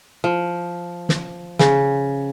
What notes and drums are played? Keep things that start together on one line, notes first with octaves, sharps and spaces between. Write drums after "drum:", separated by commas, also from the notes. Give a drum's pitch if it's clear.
F3
drum: snare
C#3, drum: snare